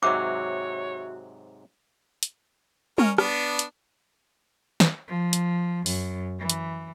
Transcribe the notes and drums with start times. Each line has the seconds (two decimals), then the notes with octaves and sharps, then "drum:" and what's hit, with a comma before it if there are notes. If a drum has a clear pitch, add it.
0.03 G#2 C3 F#3 F#4 C#5 E5 D6 F#6
2.23 drum: hi-hat
2.98 C#4 A#4, drum: tom
3.18 B3 D4, drum: rim click
3.59 drum: hi-hat
4.80 drum: snare
5.08 F3
5.33 drum: hi-hat
5.86 F#2, drum: open hi-hat
6.39 E3
6.50 drum: hi-hat